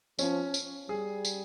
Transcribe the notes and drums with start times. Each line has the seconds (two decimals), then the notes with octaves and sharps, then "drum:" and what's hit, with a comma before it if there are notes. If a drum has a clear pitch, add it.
0.19 F3 C#4, drum: tambourine
0.54 drum: tambourine
0.89 G3 G#4
1.25 drum: tambourine